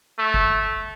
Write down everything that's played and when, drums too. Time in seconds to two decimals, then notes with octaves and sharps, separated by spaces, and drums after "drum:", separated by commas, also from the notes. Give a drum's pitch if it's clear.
0.19 A3
0.34 drum: kick